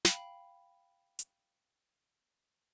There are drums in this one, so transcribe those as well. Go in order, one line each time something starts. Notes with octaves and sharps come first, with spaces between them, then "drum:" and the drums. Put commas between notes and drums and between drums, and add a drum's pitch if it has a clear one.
F5 G5 B5, drum: snare
drum: hi-hat